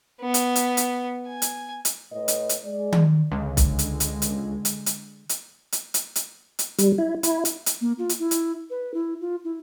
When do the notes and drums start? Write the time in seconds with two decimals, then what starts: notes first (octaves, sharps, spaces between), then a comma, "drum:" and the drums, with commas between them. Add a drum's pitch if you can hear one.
0.21 B3
0.34 drum: hi-hat
0.55 drum: hi-hat
0.77 drum: hi-hat
1.27 G#5
1.42 drum: hi-hat
1.85 drum: hi-hat
2.13 A2 B4 D#5
2.28 drum: hi-hat
2.49 drum: hi-hat
2.65 G#3 D5
2.92 drum: tom D#3
3.31 C#2 D3 G#3
3.57 drum: kick B1, hi-hat
3.79 drum: hi-hat
4.00 drum: hi-hat
4.22 drum: hi-hat
4.65 drum: hi-hat
4.86 drum: hi-hat
5.29 drum: hi-hat
5.72 drum: hi-hat
5.94 drum: hi-hat
6.16 drum: hi-hat
6.59 drum: hi-hat
6.78 G3, drum: hi-hat
6.98 E4
7.23 E4, drum: hi-hat
7.45 drum: hi-hat
7.66 drum: hi-hat
7.81 A#3
7.98 F4
8.09 drum: hi-hat
8.19 E4
8.31 drum: hi-hat
8.70 B4
8.94 E4
9.21 F4
9.44 E4